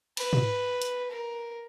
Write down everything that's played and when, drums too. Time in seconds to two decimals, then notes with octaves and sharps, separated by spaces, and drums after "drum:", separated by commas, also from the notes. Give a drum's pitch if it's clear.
0.17 B4, drum: cymbal
0.33 drum: tom
0.82 drum: hi-hat
1.11 A#4